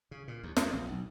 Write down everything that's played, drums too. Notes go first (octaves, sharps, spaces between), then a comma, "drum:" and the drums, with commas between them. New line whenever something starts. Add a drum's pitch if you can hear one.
C#3
A#2
D#2
F2, drum: snare
A#1
B1